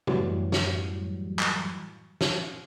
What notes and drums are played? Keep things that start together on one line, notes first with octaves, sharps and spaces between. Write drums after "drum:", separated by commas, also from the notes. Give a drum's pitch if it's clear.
F#2 A2 E3 F#3 G3, drum: tom
drum: snare
drum: clap
drum: snare